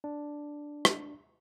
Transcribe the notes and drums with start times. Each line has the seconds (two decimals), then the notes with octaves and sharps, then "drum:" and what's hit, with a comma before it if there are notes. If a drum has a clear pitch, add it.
0.04 D4
0.85 drum: rim click